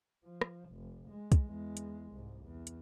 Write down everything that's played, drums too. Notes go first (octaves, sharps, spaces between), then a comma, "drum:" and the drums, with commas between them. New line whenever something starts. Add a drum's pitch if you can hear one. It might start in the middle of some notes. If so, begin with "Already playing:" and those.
F3
drum: rim click
F1
G#3
drum: kick, hi-hat
E2 G#3
drum: hi-hat
C2 G#2
E2
drum: hi-hat